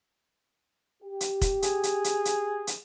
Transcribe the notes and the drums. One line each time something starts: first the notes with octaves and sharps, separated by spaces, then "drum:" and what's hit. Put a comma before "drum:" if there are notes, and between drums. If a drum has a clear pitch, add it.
G4
drum: hi-hat
drum: kick, hi-hat
G#4, drum: hi-hat
drum: hi-hat
drum: hi-hat
drum: hi-hat
drum: hi-hat